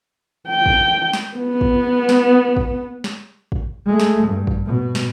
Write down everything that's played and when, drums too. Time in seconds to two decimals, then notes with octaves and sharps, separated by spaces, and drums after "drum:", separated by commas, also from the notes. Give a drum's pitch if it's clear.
0.49 G5
0.66 drum: kick
1.13 drum: snare
1.37 B3
1.61 drum: kick
2.09 drum: snare
2.57 drum: kick
3.04 drum: snare
3.52 drum: kick
3.87 G#3 A3
4.00 drum: snare
4.27 G2
4.47 drum: kick
4.66 B2
4.95 drum: snare